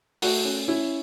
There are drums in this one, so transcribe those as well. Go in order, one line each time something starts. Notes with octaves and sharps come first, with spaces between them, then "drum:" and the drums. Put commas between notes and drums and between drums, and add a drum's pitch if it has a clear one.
A3 F#4, drum: open hi-hat
C#4
C#4 E4